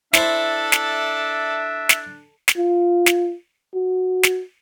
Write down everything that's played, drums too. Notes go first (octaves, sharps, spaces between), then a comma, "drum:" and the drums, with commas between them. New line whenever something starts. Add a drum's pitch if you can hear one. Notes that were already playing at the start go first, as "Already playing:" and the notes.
D4 E4 A4 C5 D5 E5, drum: snare
drum: snare
drum: snare
drum: snare
F4
drum: snare
F#4
drum: snare